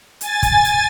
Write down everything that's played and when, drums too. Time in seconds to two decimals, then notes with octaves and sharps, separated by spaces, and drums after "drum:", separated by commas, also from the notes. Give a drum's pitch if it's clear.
0.21 G#5 A6, drum: hi-hat
0.43 drum: kick, hi-hat
0.65 drum: hi-hat